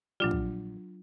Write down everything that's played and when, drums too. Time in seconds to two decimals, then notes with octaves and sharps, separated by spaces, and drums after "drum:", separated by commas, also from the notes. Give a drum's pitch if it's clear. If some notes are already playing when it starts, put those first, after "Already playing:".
0.20 A#1 F#3 G3 D4 F4
0.31 drum: kick